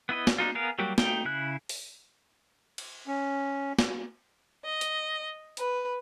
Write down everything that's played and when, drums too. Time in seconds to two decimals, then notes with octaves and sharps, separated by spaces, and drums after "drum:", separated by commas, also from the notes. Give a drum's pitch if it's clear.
0.09 B3 E4 B4 D#5
0.27 drum: snare
0.38 D4 D#4 F4
0.55 B3 G#4 A#4 F5
0.79 F#3 G3 A#3 F#4 G4
0.98 A3 D#4 G5, drum: snare
1.25 C#3 E4 F#6
1.69 drum: open hi-hat
2.78 drum: cymbal
3.08 C#4
3.79 drum: snare
4.65 D#5
4.81 drum: hi-hat
5.57 B4, drum: hi-hat